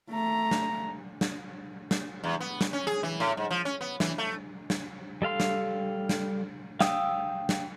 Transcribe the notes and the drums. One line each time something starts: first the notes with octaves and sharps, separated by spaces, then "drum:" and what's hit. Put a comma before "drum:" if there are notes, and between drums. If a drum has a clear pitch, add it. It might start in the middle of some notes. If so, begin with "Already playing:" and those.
A3 A#5
drum: snare
drum: snare
drum: snare
E2
B3
drum: snare
C#4
G#4
E3
A2
G#2
F3
C#4
B3
E3, drum: snare
A3
drum: snare
G3 A4 F5 C6
drum: snare
drum: snare
F5 G5 D#6 E6, drum: snare
drum: snare